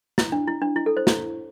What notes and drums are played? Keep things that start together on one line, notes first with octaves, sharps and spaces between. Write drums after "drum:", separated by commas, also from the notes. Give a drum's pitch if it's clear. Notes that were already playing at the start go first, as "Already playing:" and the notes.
E4, drum: snare
D4
E4
D4
E4
A4
C5
E4, drum: snare